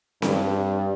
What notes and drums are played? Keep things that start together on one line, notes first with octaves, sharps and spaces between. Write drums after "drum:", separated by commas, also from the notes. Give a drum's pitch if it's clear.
G2, drum: snare C4